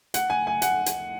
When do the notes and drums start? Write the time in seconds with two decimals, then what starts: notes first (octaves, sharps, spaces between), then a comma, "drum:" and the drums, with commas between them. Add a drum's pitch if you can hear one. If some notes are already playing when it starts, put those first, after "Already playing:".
0.14 F#5, drum: hi-hat
0.30 G#5
0.47 G#5
0.62 F#5, drum: hi-hat
0.86 drum: hi-hat